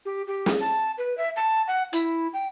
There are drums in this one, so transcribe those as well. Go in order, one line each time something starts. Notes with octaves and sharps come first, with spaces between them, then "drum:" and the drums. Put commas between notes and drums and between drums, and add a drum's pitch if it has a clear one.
G4
G4
drum: snare
A5
B4
E5
A5
F#5
E4, drum: hi-hat
G5